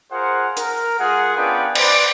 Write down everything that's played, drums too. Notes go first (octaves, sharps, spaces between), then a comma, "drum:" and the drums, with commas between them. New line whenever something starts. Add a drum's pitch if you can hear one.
F4 G#4 A#4 C5 F#5
A#4, drum: hi-hat
G#3 F4 G#4 F#5
B3 C#4 D4 F4 B4 G5
B4 C5 D5, drum: cymbal